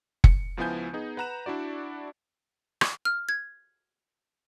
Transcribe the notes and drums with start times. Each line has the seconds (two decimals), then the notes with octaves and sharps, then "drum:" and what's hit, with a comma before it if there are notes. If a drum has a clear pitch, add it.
0.24 C#7, drum: kick
0.57 C#2 F3 B3 E4 G#5 G6
0.93 B3 D#4 G#4
1.17 B4 F#5 A#5 F#6 E7
1.46 D4 E4 F#4 D5
2.81 drum: rim click
3.05 F6
3.29 G#6